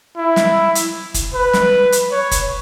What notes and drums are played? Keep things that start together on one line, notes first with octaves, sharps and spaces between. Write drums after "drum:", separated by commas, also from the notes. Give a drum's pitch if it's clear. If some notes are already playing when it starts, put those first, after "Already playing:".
E4
drum: snare
drum: hi-hat
drum: kick, hi-hat
B4
drum: snare
drum: hi-hat
C#5
drum: kick, hi-hat